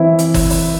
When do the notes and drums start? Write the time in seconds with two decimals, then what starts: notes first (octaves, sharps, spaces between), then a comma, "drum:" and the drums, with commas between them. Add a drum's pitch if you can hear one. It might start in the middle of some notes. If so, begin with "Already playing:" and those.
Already playing: E3 C4 E4
0.19 drum: hi-hat
0.34 drum: kick G1, open hi-hat
0.50 drum: open hi-hat